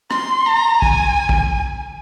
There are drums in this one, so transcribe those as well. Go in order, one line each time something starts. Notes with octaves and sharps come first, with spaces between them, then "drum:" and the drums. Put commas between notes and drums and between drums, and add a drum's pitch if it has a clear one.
C6, drum: rim click
A#5
G#5, drum: kick
drum: kick